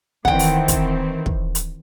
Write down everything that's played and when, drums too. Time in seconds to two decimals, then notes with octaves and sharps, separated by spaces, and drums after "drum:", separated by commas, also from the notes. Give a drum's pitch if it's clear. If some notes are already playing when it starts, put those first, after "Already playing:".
0.25 D#3 E3 C4 F#5 G5, drum: kick
0.39 drum: open hi-hat
0.68 drum: kick, hi-hat
1.26 drum: kick
1.55 drum: hi-hat